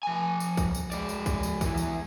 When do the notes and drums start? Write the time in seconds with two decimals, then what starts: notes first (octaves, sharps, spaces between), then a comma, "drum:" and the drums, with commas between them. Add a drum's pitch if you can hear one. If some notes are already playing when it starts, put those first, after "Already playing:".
0.03 F3 G#5
0.40 drum: tambourine
0.57 drum: kick, tambourine
0.75 drum: tambourine
0.92 G#3 D5, drum: tambourine
1.09 drum: tambourine
1.26 drum: kick, tambourine
1.43 drum: tambourine
1.61 E2 E3, drum: kick, tambourine
1.78 drum: tambourine